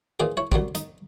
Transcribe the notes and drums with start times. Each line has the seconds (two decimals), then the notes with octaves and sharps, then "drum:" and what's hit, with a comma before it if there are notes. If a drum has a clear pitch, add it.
0.20 A#2 E3 C4 G#4
0.37 E4 C#5
0.52 C2 F#3 G3 C4, drum: kick
0.75 D#4, drum: hi-hat